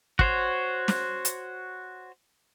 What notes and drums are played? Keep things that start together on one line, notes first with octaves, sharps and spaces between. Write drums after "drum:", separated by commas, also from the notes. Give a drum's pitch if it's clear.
F#4 C5 C#5, drum: kick
drum: snare
drum: hi-hat